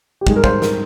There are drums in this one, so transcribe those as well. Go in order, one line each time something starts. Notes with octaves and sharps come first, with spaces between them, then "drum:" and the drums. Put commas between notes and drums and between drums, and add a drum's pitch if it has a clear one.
G4
G#2 G3 G#4, drum: kick
A#4
C5, drum: kick
A#4, drum: snare